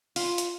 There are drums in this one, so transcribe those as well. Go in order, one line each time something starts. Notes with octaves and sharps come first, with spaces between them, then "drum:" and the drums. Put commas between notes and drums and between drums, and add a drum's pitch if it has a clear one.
F4, drum: open hi-hat
drum: hi-hat